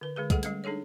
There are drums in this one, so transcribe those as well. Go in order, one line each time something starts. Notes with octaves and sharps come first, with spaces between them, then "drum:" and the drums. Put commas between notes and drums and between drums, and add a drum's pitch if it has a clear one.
D3 B4
D3 G#3 G#4 B4
G3 A3 G#4 A4 F#5, drum: kick C2, hi-hat
G3 G#3 C#4, drum: hi-hat
D4 D#4 G#4 A4 C#5